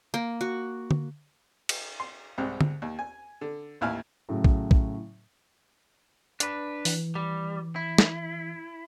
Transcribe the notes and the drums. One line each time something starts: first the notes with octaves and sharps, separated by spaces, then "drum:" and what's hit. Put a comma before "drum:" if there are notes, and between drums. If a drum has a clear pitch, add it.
A#3
F#4
drum: tom D3
drum: cymbal
C6
C2 G#2 C3
drum: tom D3
D#2
G#5
D3
A1 D#2 E4 F5 G#5
A2 C#3 F#3
drum: kick
drum: kick
D4 B4, drum: hi-hat
E3, drum: open hi-hat
G3
E4
drum: snare